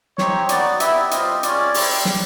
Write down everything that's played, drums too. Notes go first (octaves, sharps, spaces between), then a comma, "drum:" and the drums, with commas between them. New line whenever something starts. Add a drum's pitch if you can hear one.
C4 D#4 G4 C#5, drum: snare
B3 D#4 F#4 D5, drum: hi-hat
B3 E4 G4 E5, drum: hi-hat
G3 C4 F4 D#5, drum: hi-hat
G#3 C#4 F4 D5, drum: hi-hat
C4 E4 G4, drum: open hi-hat
drum: snare